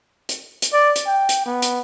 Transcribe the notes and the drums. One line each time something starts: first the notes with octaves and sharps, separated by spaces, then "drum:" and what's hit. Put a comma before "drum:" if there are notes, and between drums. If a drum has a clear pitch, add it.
drum: hi-hat
drum: hi-hat
D5
drum: hi-hat
G5
drum: hi-hat
B3
drum: hi-hat